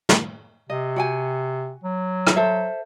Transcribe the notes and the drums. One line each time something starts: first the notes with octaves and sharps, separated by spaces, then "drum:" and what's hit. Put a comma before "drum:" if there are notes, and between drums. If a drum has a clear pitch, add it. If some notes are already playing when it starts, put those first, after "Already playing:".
drum: snare
C3 D#5
F#4 G5 G#5
F#3
drum: rim click
A4 C5 E5